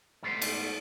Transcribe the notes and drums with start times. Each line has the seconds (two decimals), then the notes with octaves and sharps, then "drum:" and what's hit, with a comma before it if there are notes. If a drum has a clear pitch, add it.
0.23 G#2 G3 A3 B3 G4 C5
0.42 drum: cymbal